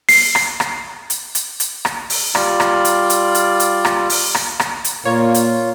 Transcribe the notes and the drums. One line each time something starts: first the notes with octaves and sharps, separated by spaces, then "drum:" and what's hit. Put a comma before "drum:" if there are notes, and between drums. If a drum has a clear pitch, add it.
C7, drum: open hi-hat
drum: rim click
drum: rim click
drum: hi-hat
drum: hi-hat
drum: hi-hat
drum: rim click
drum: open hi-hat
G3 F4 D5, drum: rim click
drum: rim click
drum: hi-hat
drum: hi-hat
drum: hi-hat
drum: hi-hat
drum: rim click
drum: open hi-hat
drum: rim click
drum: rim click
drum: hi-hat
A#2 A#3 F4 C#5
drum: hi-hat